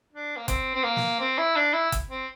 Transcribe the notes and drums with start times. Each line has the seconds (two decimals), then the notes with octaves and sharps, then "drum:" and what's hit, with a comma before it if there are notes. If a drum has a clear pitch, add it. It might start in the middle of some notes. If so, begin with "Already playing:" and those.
0.12 D4
0.37 A#3
0.48 C4, drum: kick F#1, hi-hat
0.75 C4
0.84 A#3
0.96 drum: snare
1.20 C4
1.38 E4
1.56 D4
1.74 E4
1.92 drum: kick F#1, hi-hat
2.11 C4